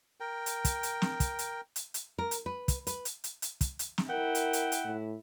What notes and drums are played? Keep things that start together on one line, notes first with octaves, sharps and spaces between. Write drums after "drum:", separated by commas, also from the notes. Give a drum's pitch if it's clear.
A#4 G5
drum: hi-hat
drum: kick, hi-hat
drum: hi-hat
drum: snare
drum: kick, hi-hat
drum: hi-hat
drum: hi-hat
drum: hi-hat
A#4
drum: hi-hat
B4
drum: kick, hi-hat
B4, drum: hi-hat
drum: hi-hat
drum: hi-hat
drum: hi-hat
drum: kick, hi-hat
drum: hi-hat
drum: snare
E4 A#4 F#5 G5
drum: hi-hat
drum: hi-hat
drum: hi-hat
A2